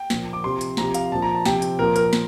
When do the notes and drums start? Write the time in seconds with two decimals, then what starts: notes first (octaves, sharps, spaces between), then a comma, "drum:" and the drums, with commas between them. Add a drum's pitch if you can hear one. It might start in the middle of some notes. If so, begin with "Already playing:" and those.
Already playing: G5
0.10 A#2 F3, drum: snare
0.33 D6
0.44 C3 F3 C6
0.61 drum: hi-hat
0.77 C3 F3 A#5, drum: snare
0.94 F5, drum: hi-hat
1.12 A#2 F3 A5
1.22 A#5
1.35 A5
1.46 C3 F3 G5, drum: snare
1.62 drum: hi-hat
1.78 A#2 F3 A#4
1.96 A#4, drum: hi-hat
2.13 drum: snare